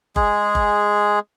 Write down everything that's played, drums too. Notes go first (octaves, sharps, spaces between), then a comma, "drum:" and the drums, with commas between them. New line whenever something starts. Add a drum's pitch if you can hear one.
G#3 G#4, drum: kick F#1
drum: kick F#1